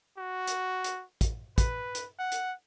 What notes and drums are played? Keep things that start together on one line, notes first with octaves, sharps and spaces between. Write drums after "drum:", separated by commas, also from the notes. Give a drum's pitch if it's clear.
F#4
drum: hi-hat
drum: hi-hat
drum: kick, hi-hat
B4, drum: kick, hi-hat
drum: hi-hat
F#5
drum: hi-hat